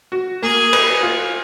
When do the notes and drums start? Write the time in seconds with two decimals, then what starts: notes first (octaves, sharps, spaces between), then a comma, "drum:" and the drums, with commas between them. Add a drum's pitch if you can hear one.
0.12 F#4
0.42 A#3 G#4
0.73 B4, drum: cymbal
1.03 F4